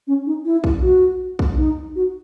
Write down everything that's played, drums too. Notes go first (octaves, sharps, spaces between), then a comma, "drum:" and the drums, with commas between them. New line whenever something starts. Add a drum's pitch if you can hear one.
C#4
D#4
E4
drum: kick
F#4
drum: kick
D#4
F#4